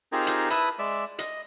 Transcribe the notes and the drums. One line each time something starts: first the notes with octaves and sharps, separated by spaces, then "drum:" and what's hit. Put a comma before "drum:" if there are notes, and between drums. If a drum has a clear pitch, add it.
C4 D#4 F4 G4 G#4 A#4
drum: hi-hat
E4 B4 E5 A5 B5 D#6, drum: hi-hat
G#3 D5 E5
D#5, drum: hi-hat